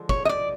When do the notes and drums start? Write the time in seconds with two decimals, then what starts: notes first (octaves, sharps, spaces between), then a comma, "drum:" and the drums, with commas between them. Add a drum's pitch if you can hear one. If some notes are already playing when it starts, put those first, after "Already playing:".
Already playing: D3 F3 G#3
0.09 C#5, drum: kick
0.25 D#5
0.29 D5